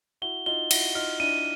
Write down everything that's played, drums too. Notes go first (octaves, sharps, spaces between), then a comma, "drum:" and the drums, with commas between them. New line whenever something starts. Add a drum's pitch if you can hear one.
E4 F#4 G7
D#4 F4 G7
E4 F#4 G7, drum: cymbal
D#4 F4 F6
D4 E4 D#7